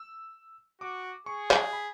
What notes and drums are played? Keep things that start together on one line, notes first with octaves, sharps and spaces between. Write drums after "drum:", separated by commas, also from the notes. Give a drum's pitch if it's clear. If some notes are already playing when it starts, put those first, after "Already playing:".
Already playing: E6
F#4 D6
G#4 C#6
drum: clap
B5